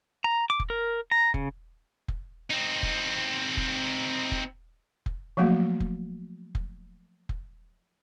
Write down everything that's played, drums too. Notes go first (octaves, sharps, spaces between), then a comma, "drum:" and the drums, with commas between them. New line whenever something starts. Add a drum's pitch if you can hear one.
A#5
D6
drum: kick F1
A#4
A#5
C#3, drum: kick F1
drum: kick F1
C4 D#4
drum: kick F1
drum: kick F1
drum: kick F1
drum: kick F1
F3 F#3 A3 A#3 F#4
drum: kick F1
drum: kick F1
drum: kick F1